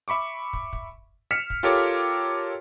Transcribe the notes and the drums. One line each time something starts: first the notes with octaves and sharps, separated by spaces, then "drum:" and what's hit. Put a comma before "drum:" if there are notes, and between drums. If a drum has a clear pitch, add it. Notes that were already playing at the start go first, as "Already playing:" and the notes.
E5 B5 C#6 D6
drum: kick
drum: kick
F6 B6 C#7 E7
drum: kick
F4 G4 A4 A#4 C#5 D6